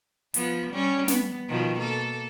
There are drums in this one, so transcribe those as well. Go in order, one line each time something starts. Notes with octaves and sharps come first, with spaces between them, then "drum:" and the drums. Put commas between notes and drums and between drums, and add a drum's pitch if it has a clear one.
F3 B3, drum: hi-hat
G3 C#4
B3, drum: snare
B2 D#3 F3
A#3 A4